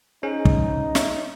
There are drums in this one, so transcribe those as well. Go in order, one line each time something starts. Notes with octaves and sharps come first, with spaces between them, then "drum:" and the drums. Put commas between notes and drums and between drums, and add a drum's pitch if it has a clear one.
C#4 D#4 G#4 C5 G#5
drum: kick
C#5 E5, drum: snare